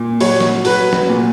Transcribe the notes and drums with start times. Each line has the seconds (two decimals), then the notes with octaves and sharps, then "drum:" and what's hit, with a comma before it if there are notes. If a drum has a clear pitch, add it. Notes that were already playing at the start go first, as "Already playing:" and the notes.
Already playing: A#2
0.20 F#3 C#5, drum: open hi-hat
0.40 drum: snare
0.65 F#3 B4, drum: open hi-hat
0.93 drum: snare
1.09 A#2